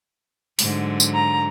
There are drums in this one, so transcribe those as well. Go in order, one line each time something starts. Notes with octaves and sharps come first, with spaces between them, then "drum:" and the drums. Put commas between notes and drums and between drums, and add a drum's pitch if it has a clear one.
G#2 D3 F#3, drum: open hi-hat
drum: tambourine
A#5